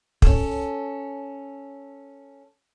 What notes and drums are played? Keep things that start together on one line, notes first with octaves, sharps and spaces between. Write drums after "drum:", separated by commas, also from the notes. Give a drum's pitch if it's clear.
C#4 A4, drum: kick